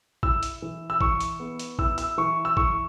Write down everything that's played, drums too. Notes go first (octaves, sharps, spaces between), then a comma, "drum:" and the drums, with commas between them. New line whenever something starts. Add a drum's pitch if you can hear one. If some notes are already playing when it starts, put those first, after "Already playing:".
E4 E6, drum: kick
drum: hi-hat
E3
E6
E3 C#6, drum: kick
drum: hi-hat
B3
drum: hi-hat
E4 E6, drum: kick
E6, drum: hi-hat
E3 C#6
E6
E3 C#6, drum: kick